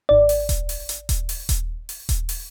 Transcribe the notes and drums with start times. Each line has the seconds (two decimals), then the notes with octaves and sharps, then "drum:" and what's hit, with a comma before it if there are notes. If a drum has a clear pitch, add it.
0.09 G#1 D5
0.29 drum: open hi-hat
0.49 drum: kick D#1, hi-hat
0.69 drum: open hi-hat
0.89 drum: hi-hat
1.09 drum: kick D#1, hi-hat
1.29 drum: open hi-hat
1.49 drum: kick D#1, hi-hat
1.89 drum: open hi-hat
2.09 drum: kick D#1, hi-hat
2.29 drum: open hi-hat